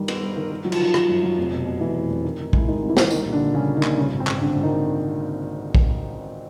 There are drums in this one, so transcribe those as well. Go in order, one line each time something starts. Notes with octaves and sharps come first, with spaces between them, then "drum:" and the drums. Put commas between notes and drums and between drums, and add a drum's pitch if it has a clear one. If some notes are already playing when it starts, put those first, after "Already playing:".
Already playing: G2 D#3 G3
B3, drum: cymbal
G2
D#3
D#3
F#3
F3 F4, drum: cymbal
D#3
D#3, drum: rim click
F#2
F#3
F1
B2
B2
F1 E3 E4
F1
F1
D#3
D#3
G#3 E4, drum: kick
D#3 G#3 D#4
C2
E3 E4
C2, drum: snare
D#3 G3 D#4, drum: tambourine
A#1
D3 D4
A#2
C#3 G3 C#4
A#2
D#3 D#4
A#1, drum: clap
G2 C#3 C#4
G#1
C4
G#1, drum: clap
G#1 D3 D4
G#1
D#3 D#4
drum: kick